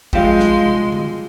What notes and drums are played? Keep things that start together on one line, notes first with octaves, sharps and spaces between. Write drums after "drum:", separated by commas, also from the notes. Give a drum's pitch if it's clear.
F3 G3 G#3 C4 F4 F5 C6, drum: kick
drum: snare
drum: tom
drum: tom